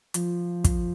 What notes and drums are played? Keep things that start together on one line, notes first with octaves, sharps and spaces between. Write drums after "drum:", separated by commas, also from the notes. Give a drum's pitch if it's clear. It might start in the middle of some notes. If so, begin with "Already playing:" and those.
F3, drum: hi-hat
drum: kick, hi-hat